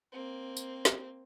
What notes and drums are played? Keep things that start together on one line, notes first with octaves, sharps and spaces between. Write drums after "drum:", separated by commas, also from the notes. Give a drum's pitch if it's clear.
A#3 C4
drum: tambourine
drum: snare